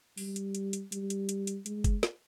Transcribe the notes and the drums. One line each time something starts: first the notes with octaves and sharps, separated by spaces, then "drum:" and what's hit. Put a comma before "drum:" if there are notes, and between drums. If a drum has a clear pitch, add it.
G3, drum: open hi-hat
drum: hi-hat
drum: hi-hat
drum: hi-hat
G3, drum: hi-hat
drum: hi-hat
drum: hi-hat
drum: hi-hat
G#3, drum: hi-hat
drum: kick F#1, hi-hat
drum: snare